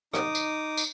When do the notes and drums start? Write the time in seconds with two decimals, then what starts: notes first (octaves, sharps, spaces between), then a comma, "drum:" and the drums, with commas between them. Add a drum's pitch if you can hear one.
0.13 D#4 D6 D#6, drum: rim click
0.35 drum: tambourine
0.77 drum: tambourine